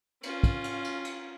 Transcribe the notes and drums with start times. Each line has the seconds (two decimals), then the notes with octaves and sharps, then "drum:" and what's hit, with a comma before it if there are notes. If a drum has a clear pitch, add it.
0.23 C#4 F4, drum: cymbal
0.43 drum: kick, cymbal
0.64 drum: cymbal
0.84 drum: cymbal
1.05 drum: cymbal